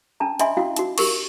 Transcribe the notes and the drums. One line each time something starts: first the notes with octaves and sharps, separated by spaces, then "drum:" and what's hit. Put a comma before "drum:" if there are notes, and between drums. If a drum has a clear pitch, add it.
C#4 D4 A5 A#5
D4 D#5 E5 G#5 B5 C6, drum: hi-hat
C#4 E4 F#4 F5
D#4 F#4, drum: hi-hat
G4 A#4 C#6, drum: cymbal